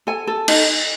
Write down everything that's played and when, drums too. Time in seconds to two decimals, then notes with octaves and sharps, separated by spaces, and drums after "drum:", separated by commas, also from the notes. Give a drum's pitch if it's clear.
0.07 A4 G#5
0.27 A4
0.48 D#4, drum: cymbal